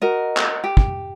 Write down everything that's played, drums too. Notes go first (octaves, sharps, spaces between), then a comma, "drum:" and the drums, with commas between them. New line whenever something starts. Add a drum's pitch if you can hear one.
F#4 A#4 D#5
drum: clap
G4
drum: kick